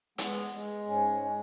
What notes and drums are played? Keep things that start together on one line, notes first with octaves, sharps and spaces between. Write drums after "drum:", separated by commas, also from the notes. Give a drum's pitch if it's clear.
G#3 B3, drum: hi-hat
G#3
G#2 C#4
G#3